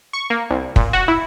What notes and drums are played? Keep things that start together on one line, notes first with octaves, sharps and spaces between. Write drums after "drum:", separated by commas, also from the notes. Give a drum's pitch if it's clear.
C#6
A#3
C2
A#2, drum: kick
F#4
E4